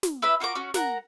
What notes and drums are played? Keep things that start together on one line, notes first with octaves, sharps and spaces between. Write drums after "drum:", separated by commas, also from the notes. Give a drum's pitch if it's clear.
drum: snare
E4 B4 E5 B5
F4 F#4 A#4 D6
C#4 F#4
A#4 F#5 A#5, drum: snare